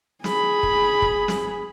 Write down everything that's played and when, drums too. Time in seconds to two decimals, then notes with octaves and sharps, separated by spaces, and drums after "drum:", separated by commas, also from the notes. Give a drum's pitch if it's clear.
0.24 G#4 B5, drum: snare
0.63 drum: kick
1.02 drum: kick
1.28 drum: snare